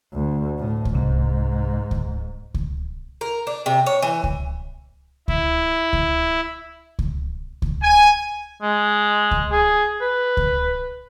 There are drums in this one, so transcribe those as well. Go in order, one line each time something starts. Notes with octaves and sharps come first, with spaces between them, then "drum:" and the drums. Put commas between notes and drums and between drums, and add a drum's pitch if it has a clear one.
D2
A2
drum: kick C#2
C2 G#2
drum: kick C#2
drum: kick C#2
A#4
D4
C3
C#5
E3
drum: kick C#2
E4, drum: kick C#2
drum: kick C#2
drum: kick C#2
drum: kick C#2
G#5
G#3
drum: kick C#2
G#4
B4
drum: kick C#2